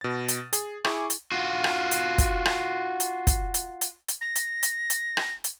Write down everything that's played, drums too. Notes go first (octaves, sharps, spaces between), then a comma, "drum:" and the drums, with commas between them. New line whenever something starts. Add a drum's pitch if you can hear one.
B2 A6
drum: hi-hat
G#4, drum: hi-hat
E4 G#4 G#5 C#6 D6, drum: rim click
drum: hi-hat
F4 F#4
drum: rim click
drum: hi-hat
drum: kick, hi-hat
drum: rim click
drum: hi-hat
drum: kick, hi-hat
drum: hi-hat
drum: hi-hat
drum: hi-hat
A#6
drum: hi-hat
drum: hi-hat
drum: hi-hat
drum: rim click
drum: hi-hat